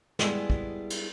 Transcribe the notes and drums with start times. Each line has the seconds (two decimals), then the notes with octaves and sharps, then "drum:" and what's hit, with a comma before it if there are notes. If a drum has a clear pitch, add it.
0.19 G3 G#3 B3 E4 G#4 A4, drum: snare
0.50 drum: kick
0.90 drum: cymbal